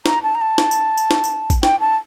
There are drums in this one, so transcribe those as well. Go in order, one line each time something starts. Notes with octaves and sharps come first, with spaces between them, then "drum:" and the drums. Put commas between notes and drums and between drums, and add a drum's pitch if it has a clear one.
A#5, drum: snare
A5
A#5
A5
drum: snare
drum: tambourine
drum: tambourine
drum: snare
drum: tambourine
drum: kick A1, tambourine
G5, drum: snare
A5